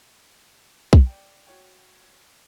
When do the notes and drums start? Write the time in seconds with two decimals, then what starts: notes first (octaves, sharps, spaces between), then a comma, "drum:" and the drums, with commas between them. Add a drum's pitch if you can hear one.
0.93 drum: kick
1.06 D5 G5
1.46 F#4 C#5 G5